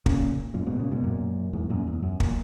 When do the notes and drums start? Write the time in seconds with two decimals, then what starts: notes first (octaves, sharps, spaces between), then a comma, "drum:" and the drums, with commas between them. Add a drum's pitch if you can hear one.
0.06 A#2 C#3, drum: kick
0.54 F#2 A#2
0.66 G#2 B2
0.79 A#2 C#3
0.91 G#2 B2
1.04 F#2 A#2
1.53 E2 G#2
1.69 F#2 A#2
1.87 E2
2.02 F#2
2.20 A#2, drum: kick